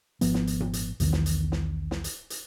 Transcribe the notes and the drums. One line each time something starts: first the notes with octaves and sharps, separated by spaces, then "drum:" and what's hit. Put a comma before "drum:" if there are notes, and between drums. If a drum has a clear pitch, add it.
G#1 F3 B3, drum: hi-hat
drum: snare
drum: hi-hat
drum: tom A#2
drum: hi-hat
B1 E2 D#3, drum: hi-hat
drum: snare
drum: hi-hat
drum: snare
drum: snare
drum: hi-hat
drum: hi-hat